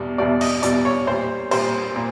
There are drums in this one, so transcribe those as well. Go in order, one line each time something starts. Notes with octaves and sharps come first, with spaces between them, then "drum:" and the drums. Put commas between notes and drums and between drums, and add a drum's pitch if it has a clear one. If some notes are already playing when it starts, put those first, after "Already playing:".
Already playing: E2 B2 G3
E2 B2 G3 D5
D#5, drum: cymbal
E2 B2 G3 D5, drum: hi-hat
C#5
A#2 G3 C5
A#2 G3 C5, drum: cymbal
A#2